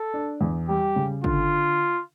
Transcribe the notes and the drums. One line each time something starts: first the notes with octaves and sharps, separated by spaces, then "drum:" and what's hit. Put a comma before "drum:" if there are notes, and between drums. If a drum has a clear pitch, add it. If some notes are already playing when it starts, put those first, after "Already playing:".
Already playing: A4
D4
E2
G3 G4
C#3
D3 F4, drum: kick